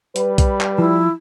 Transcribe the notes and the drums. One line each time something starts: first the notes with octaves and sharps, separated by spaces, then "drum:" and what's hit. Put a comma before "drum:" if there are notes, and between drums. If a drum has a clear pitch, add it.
G3 B4, drum: hi-hat
drum: kick B1, hi-hat
drum: clap
F3 E4